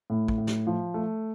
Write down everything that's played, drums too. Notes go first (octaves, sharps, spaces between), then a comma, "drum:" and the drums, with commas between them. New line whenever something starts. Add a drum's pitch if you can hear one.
A2
drum: kick
A2
drum: snare
F3
A3